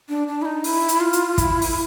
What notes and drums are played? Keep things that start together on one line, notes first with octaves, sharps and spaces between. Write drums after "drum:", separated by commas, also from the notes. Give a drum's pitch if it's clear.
D4
D4
E4
D#4
E4, drum: open hi-hat
drum: hi-hat
F4
drum: hi-hat
E4, drum: kick, hi-hat
drum: open hi-hat